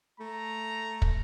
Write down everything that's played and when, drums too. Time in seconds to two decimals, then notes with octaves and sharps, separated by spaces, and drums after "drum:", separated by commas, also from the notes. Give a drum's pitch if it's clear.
0.20 A3 A#5
1.02 drum: kick